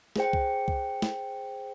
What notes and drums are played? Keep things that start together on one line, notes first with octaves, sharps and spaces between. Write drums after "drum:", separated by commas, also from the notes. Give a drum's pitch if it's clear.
G#4 C5 G5, drum: snare
drum: kick C2
drum: kick C2
drum: snare